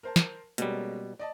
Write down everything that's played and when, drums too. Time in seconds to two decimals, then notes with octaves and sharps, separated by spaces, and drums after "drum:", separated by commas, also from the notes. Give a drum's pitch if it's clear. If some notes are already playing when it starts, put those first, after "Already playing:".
0.03 A#4 C5 A5
0.16 drum: snare
0.58 B2 G3 G#3 A#3 C#4, drum: hi-hat
1.19 D5 D#5 A5